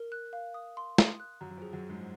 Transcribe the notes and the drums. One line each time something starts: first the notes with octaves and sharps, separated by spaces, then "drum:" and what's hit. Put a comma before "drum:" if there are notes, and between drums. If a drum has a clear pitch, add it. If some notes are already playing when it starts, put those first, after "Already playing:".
Already playing: A#4
F#6
F5
D#6
C6
D#6, drum: snare
F#6
F#2 F#3 A#5
F#3
F2 F3 G#4
F#2 F#3
G#4
G#2 G#3